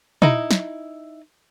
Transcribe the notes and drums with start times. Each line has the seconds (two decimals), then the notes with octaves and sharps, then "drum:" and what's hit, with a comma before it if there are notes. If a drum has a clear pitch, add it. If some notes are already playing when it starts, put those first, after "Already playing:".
0.22 D#4 E4 A#5, drum: tom
0.51 drum: snare